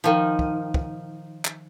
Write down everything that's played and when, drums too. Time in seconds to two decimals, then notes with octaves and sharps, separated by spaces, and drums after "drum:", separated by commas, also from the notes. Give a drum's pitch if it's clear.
0.04 D#3 F3
0.39 drum: kick
0.74 drum: kick
1.45 drum: clap